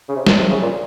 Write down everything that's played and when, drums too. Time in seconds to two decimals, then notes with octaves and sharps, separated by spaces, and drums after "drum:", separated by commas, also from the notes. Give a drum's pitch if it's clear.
0.09 C#3
0.16 C3
0.26 A#2, drum: snare
0.39 C3
0.50 C#3
0.62 A#2